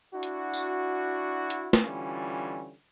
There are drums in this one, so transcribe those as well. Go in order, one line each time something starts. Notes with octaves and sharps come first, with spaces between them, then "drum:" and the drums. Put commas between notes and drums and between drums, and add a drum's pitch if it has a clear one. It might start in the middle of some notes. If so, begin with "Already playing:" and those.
D4 E4 F#4
drum: hi-hat
drum: tambourine
drum: hi-hat
drum: snare
D3 E3 G3 C#4 F4